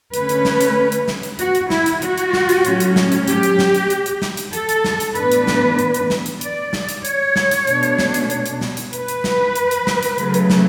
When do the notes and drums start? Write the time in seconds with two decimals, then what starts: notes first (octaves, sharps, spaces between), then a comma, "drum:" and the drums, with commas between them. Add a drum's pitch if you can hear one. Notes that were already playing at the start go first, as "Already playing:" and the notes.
0.14 D3 A3 C#4 B4, drum: hi-hat
0.29 drum: hi-hat
0.45 drum: snare
0.61 drum: hi-hat
0.92 drum: hi-hat
1.08 drum: snare
1.23 drum: hi-hat
1.39 F#4, drum: hi-hat
1.55 drum: hi-hat
1.70 E4, drum: snare
1.86 drum: hi-hat
2.02 F#4, drum: hi-hat
2.18 drum: hi-hat
2.33 drum: snare
2.49 drum: hi-hat
2.65 A2 F#3 C#4, drum: hi-hat
2.80 drum: hi-hat
2.96 drum: snare
3.12 drum: hi-hat
3.28 G4, drum: hi-hat
3.43 drum: hi-hat
3.59 drum: snare
3.75 drum: hi-hat
3.90 drum: hi-hat
4.06 drum: hi-hat
4.22 drum: snare
4.37 drum: hi-hat
4.53 A4, drum: hi-hat
4.69 drum: hi-hat
4.84 drum: snare
5.00 drum: hi-hat
5.15 A2 E3 B3 D4 B4, drum: hi-hat
5.32 drum: hi-hat
5.47 drum: snare
5.79 drum: hi-hat
5.94 drum: hi-hat
6.10 drum: snare
6.26 drum: hi-hat
6.41 D5, drum: hi-hat
6.73 drum: snare
6.89 drum: hi-hat
7.05 C#5, drum: hi-hat
7.36 drum: snare
7.51 drum: hi-hat
7.67 B2 A3 D4, drum: hi-hat
7.83 drum: hi-hat
7.98 drum: snare
8.14 drum: hi-hat
8.30 drum: hi-hat
8.46 drum: hi-hat
8.61 drum: snare
8.77 drum: hi-hat
8.93 B4, drum: hi-hat
9.08 drum: hi-hat
9.24 drum: snare
9.55 drum: hi-hat
9.71 drum: hi-hat
9.87 drum: snare
10.03 drum: hi-hat
10.18 C#3 F#3 A3, drum: hi-hat
10.34 drum: hi-hat
10.50 drum: snare